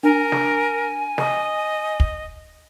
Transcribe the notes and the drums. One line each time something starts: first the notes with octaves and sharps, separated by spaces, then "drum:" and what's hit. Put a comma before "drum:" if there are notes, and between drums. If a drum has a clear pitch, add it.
D4 A#4 G#5
drum: snare
D#5, drum: snare
drum: kick